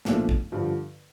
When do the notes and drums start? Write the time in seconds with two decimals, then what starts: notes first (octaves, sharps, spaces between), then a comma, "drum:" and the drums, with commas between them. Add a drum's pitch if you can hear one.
0.05 B1 A#2 F3 A3 D4, drum: snare
0.29 drum: kick
0.52 G2 D3 F3